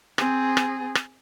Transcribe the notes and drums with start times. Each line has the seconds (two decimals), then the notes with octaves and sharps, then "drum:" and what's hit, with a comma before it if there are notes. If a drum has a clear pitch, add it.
0.18 C4 G#4, drum: rim click
0.57 drum: rim click
0.95 drum: rim click